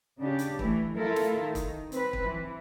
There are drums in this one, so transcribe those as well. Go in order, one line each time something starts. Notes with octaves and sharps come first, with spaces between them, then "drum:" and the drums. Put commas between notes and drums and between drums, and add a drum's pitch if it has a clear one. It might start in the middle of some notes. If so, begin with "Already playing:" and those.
C#3 D4 G4
drum: hi-hat
E3 A3, drum: kick
A3 E4 F4 A4 A#4
drum: snare
D#3
drum: kick, hi-hat
C4 B4, drum: hi-hat
drum: kick
E3